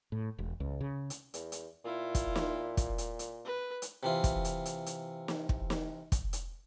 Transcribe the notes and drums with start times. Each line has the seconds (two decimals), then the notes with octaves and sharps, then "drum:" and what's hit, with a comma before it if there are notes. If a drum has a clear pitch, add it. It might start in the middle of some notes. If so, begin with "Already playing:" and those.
0.12 A2
0.39 E1
0.60 C#2
0.81 C#3
1.10 drum: hi-hat
1.34 E2, drum: hi-hat
1.52 drum: hi-hat
1.85 A#2 E4 F4
2.15 drum: kick, hi-hat
2.36 drum: snare
2.77 drum: kick, hi-hat
2.98 drum: hi-hat
3.19 drum: hi-hat
3.45 B4
3.82 drum: hi-hat
4.03 C3 E3 F4
4.24 drum: kick, hi-hat
4.45 drum: hi-hat
4.66 drum: hi-hat
4.86 drum: hi-hat
5.28 drum: snare
5.49 drum: kick
5.70 drum: snare
6.12 drum: kick, hi-hat
6.33 drum: hi-hat